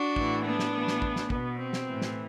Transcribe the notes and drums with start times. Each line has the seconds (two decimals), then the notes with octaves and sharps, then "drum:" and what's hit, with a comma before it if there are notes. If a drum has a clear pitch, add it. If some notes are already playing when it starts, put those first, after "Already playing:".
Already playing: D4 F#4
0.16 A2 E3, drum: kick
0.45 B3 D4
0.59 drum: snare
0.74 A2 E3
0.88 drum: snare
1.02 drum: kick
1.16 drum: snare
1.30 B2 B3, drum: kick
1.59 C4
1.73 drum: snare
1.88 A2 E3
2.02 drum: snare